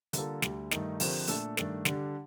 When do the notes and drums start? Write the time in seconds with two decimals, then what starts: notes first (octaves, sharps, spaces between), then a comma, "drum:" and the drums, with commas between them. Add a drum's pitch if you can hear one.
0.13 D3 G3 A#3 F4 A4, drum: hi-hat
0.42 D2 D3 G3, drum: snare
0.71 G2 D#3 A3 D#4, drum: snare
1.00 D3 F3 C4 G4 A#4, drum: open hi-hat
1.27 A#2 A3 D4 A4, drum: hi-hat
1.57 G2 D#3 A3 D4 A4, drum: snare
1.85 D3 G3 D4 G4, drum: snare